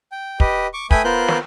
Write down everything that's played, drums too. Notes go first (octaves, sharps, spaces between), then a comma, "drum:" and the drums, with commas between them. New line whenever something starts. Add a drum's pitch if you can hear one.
G5
G4 B4 D#5, drum: kick
C#6 D6
A3 B4 G5 G#5 B5 D#6, drum: kick
B3 F4 A#4 C5 F#6 G6
drum: snare